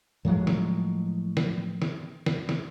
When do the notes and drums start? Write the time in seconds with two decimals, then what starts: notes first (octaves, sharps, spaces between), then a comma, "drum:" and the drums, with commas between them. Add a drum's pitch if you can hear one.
0.25 A2 F3 F#3 G#3
0.47 drum: snare
1.37 drum: snare
1.82 drum: snare
2.26 drum: snare
2.49 drum: snare